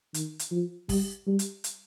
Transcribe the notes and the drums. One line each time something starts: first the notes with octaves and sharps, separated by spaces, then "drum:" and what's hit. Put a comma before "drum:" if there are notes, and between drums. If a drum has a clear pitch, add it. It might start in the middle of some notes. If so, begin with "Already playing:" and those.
D#3, drum: hi-hat
drum: hi-hat
F3
G3, drum: kick, open hi-hat
G3
drum: hi-hat
drum: hi-hat